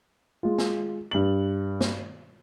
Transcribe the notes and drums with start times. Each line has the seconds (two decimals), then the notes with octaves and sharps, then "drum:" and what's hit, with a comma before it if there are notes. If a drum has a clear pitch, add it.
0.43 G#3 F4
0.58 drum: snare
1.11 G2 F#7
1.81 drum: snare